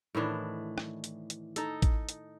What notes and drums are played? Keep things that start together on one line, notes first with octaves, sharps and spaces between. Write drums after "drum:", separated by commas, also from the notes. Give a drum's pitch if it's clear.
A2 D#3 E3 D4
drum: rim click
drum: hi-hat
drum: hi-hat
D#4 A4, drum: hi-hat
drum: kick A1, hi-hat
drum: hi-hat